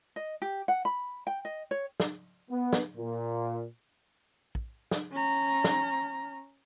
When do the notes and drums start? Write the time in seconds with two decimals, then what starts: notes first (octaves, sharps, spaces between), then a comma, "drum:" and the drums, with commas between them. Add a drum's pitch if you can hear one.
0.16 D#5
0.42 G4
0.68 F#5
0.85 B5
1.27 G5
1.45 D#5
1.71 C#5
2.00 drum: snare
2.50 B3
2.73 drum: snare
2.97 A#2
4.55 drum: kick
4.91 drum: snare
5.12 C#4 A#5
5.64 drum: snare